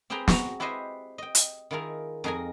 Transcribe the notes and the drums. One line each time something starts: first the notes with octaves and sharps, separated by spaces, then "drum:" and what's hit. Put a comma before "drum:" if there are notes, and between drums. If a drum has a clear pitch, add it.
C4 G4 G#4 B4 G5 A#5
F#4 A#5, drum: snare
E4 G4 B4 C5 D#5 G#5
D#5 G5
drum: hi-hat
D#3 E4 F4 G#4 A#4
F2 D#4 G#4 A#4 G#5